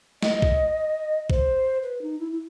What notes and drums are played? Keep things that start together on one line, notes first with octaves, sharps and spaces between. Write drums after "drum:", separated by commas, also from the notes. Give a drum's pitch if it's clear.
D#5, drum: snare
drum: kick A#1
C5, drum: kick A#1
B4
D#4
E4
E4